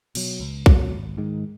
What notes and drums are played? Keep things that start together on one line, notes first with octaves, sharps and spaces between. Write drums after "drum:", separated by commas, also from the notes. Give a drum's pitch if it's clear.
B2 F#3, drum: cymbal
C#2
B2 F#3, drum: kick
G#1
G#2 D#3 G#3